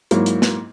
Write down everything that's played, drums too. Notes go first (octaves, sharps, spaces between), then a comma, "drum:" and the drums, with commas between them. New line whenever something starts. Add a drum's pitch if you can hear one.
G#2 F#3 A#3 E4, drum: hi-hat
drum: hi-hat
drum: snare